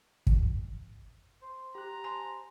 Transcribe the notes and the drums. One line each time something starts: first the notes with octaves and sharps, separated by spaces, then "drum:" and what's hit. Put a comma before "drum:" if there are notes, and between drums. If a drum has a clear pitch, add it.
drum: kick
C5
G4 A#5 F#6
C5 G#5 A5 C6